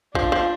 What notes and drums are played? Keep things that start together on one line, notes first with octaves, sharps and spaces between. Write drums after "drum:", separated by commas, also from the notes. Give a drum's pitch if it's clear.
F3 D4, drum: kick A#1
F3